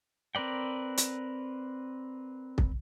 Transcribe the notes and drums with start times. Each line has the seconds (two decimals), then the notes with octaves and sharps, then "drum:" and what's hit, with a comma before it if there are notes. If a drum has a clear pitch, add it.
0.35 C4 A#4 B4 D5 G5
0.98 drum: hi-hat
2.58 drum: kick